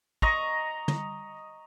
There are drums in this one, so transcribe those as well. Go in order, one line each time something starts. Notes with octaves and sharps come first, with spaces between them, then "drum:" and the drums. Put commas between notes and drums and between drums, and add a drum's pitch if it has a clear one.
D#5 A#5 C#6, drum: kick
drum: tom